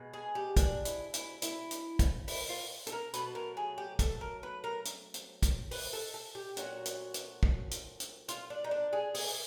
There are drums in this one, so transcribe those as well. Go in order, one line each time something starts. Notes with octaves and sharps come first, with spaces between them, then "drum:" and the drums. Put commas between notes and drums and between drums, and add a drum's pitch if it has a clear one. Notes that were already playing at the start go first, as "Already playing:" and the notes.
Already playing: B2 G#3
G#4
G4
D4, drum: kick, hi-hat
E4, drum: hi-hat
E4, drum: hi-hat
E4, drum: hi-hat
drum: hi-hat
drum: kick, hi-hat
E4, drum: open hi-hat
F4
A4, drum: hi-hat
A#4
B2 F#3 A3 B4, drum: hi-hat
A#4
G#4
G4
A4, drum: kick, hi-hat
A#4
B4
A#4
drum: hi-hat
drum: hi-hat
drum: kick, hi-hat
B4, drum: open hi-hat
A4
A4
G4
A#2 F#3 A3 F#4, drum: hi-hat
drum: hi-hat
drum: hi-hat
drum: kick
drum: hi-hat
drum: hi-hat
F4, drum: hi-hat
D4
D#4
D4
G#4
G#4, drum: open hi-hat